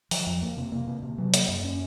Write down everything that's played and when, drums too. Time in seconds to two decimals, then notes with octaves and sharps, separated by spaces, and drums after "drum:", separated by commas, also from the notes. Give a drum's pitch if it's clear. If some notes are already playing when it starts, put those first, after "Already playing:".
0.11 F3, drum: open hi-hat
0.27 F2
0.42 A#3
0.57 C3
0.72 A#3
0.87 C3
1.03 C3
1.18 F#3
1.34 A#3, drum: hi-hat
1.48 F#2
1.64 C#4